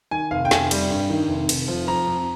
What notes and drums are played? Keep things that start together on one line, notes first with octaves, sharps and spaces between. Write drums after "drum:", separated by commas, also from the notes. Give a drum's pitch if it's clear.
D#3 G#5
F1 F5
G5
F1 G#5, drum: snare
G3, drum: cymbal
G2
D#3
F1
F1, drum: cymbal
F3
F3 A#5
F2